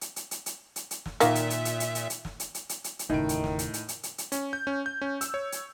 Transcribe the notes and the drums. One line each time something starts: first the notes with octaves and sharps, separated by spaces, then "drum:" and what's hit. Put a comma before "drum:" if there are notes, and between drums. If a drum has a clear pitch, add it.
drum: hi-hat
drum: hi-hat
drum: hi-hat
drum: hi-hat
drum: hi-hat
drum: hi-hat
drum: snare
A#2 D#3 A#3 E5, drum: hi-hat
drum: hi-hat
drum: hi-hat
drum: hi-hat
drum: hi-hat
drum: hi-hat
drum: hi-hat
drum: snare
drum: hi-hat
drum: hi-hat
drum: hi-hat
drum: hi-hat
drum: hi-hat
F#1 E2 A2 D#3 D#4 D#5 D7
drum: hi-hat
drum: snare
drum: hi-hat
drum: hi-hat
drum: hi-hat
drum: hi-hat
drum: hi-hat
C#4, drum: hi-hat
G6
C#4
G6
C#4
E6, drum: hi-hat
C#5
drum: hi-hat